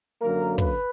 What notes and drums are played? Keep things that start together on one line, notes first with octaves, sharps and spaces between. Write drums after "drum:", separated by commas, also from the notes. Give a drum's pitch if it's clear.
F#2 D3 F#3 A#3 A#4
B4, drum: kick